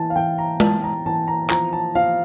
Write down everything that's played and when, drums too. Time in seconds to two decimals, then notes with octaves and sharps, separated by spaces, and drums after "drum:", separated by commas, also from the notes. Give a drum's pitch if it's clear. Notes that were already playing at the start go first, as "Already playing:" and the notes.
Already playing: E3 A5
0.10 F5
0.16 E3 G5
0.38 A#5
0.60 E3 A5, drum: tom G#3
0.84 A#5
1.06 E3 A5
1.28 A#5
1.50 F3 A#5, drum: clap
1.73 A5
1.95 F3 F5